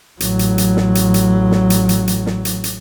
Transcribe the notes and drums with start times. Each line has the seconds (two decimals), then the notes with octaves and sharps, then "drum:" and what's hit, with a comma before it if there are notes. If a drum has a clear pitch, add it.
0.20 A1 F#3, drum: hi-hat
0.39 drum: hi-hat
0.58 drum: hi-hat
0.77 drum: snare
0.95 drum: hi-hat
1.14 drum: hi-hat
1.51 drum: snare
1.70 drum: hi-hat
1.89 drum: hi-hat
2.08 drum: hi-hat
2.26 drum: snare
2.45 drum: hi-hat
2.64 drum: hi-hat